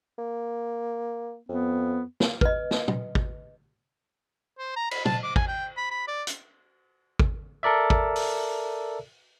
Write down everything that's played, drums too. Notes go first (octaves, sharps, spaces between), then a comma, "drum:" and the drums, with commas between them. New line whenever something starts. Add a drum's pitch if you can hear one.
A#3
F2 B3
drum: snare
B4 D#5, drum: kick
drum: snare
drum: tom
drum: kick
C5
A#5
B5, drum: cymbal
A5, drum: tom
D6
G#5, drum: kick
G5
B5
B5
D5
drum: hi-hat
drum: kick
A4 A#4 D5 E5
drum: kick
drum: open hi-hat